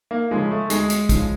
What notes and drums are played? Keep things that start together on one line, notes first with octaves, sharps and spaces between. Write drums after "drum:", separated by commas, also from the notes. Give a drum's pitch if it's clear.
A#3
C#3 F3 G#3
A3
D2 G#3, drum: hi-hat
drum: hi-hat
C#3 F3, drum: kick, hi-hat